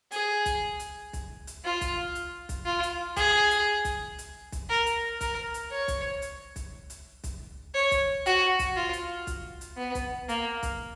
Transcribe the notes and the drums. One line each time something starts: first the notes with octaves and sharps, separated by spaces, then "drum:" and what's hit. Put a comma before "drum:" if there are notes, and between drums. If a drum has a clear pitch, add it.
G#4, drum: hi-hat
drum: kick B1, hi-hat
drum: hi-hat
drum: kick B1, hi-hat
drum: hi-hat
F4
drum: kick B1, hi-hat
drum: hi-hat
drum: kick B1, hi-hat
F4
drum: hi-hat
G#4, drum: kick B1, hi-hat
drum: hi-hat
drum: kick B1, hi-hat
drum: hi-hat
drum: kick B1, hi-hat
A#4
drum: hi-hat
A#4, drum: kick B1, hi-hat
drum: hi-hat
C#5
drum: kick B1, hi-hat
drum: hi-hat
drum: kick B1, hi-hat
drum: hi-hat
drum: kick B1, hi-hat
C#5
drum: kick B1, hi-hat
F#4, drum: hi-hat
drum: kick B1, hi-hat
F4
drum: hi-hat
drum: kick B1, hi-hat
drum: hi-hat
B3
drum: kick B1, hi-hat
A#3, drum: hi-hat
drum: kick B1, hi-hat